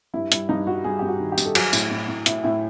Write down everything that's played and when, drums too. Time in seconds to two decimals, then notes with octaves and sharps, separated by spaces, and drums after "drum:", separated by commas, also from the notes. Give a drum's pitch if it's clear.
0.14 G2 E4
0.32 G3 E4, drum: hi-hat
0.49 G2 D#4
0.67 G3 F#4
0.84 G3 G#4
0.99 G2 G4
1.08 F#4
1.20 D#3
1.32 G4
1.38 G2, drum: tambourine
1.45 A4
1.55 F#3 G#4, drum: cymbal
1.73 A2, drum: tambourine
1.91 A2
2.08 A2
2.26 A2 E4, drum: hi-hat
2.44 A2 E4